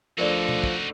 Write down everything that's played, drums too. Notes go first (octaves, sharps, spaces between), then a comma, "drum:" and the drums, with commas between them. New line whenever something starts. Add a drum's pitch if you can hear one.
D2 D3 F3 D#4 F#4 A#4 C5 D5
drum: tom
drum: kick